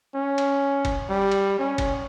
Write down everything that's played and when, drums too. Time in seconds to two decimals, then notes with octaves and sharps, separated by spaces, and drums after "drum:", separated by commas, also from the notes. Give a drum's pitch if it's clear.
0.15 C#4
0.38 drum: cymbal
0.85 drum: kick F#1, cymbal
1.10 G3
1.31 drum: cymbal
1.59 C#4
1.78 drum: kick F#1, cymbal